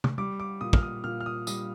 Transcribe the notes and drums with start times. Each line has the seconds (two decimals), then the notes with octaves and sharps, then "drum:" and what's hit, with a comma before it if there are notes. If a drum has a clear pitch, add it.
0.04 drum: tom
0.18 G3 D6
0.40 D6
0.61 A#2 D#6
0.73 F6, drum: kick
0.83 D#6
1.04 A#2 F6
1.20 F6
1.26 D#6
1.47 G3 D#6, drum: tambourine